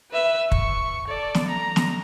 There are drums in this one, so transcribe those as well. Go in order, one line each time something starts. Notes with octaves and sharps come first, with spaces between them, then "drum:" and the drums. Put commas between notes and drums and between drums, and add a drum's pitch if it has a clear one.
B4 E5
C#6, drum: kick
A4 D5
drum: snare
A#5
drum: snare